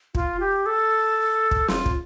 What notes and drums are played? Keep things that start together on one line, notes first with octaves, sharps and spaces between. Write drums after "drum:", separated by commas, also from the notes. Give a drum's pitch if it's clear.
F4, drum: kick
G4
A4
drum: kick
F4, drum: snare
drum: kick